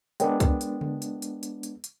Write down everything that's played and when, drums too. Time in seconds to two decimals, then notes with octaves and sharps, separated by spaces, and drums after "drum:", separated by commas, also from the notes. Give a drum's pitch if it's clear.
0.20 G#3 B3 D4 A#4 C#5 G5, drum: hi-hat
0.40 drum: kick C2, hi-hat
0.61 drum: hi-hat
0.81 drum: tom C#3
1.02 drum: hi-hat
1.22 drum: hi-hat
1.43 drum: hi-hat
1.63 drum: hi-hat
1.84 drum: hi-hat